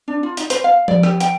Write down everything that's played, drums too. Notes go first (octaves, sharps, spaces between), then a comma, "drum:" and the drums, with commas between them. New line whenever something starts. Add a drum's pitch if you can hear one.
D4
F4
D#4, drum: hi-hat
C5, drum: hi-hat
F5
D5, drum: tom F3
G4, drum: rim click
G5, drum: hi-hat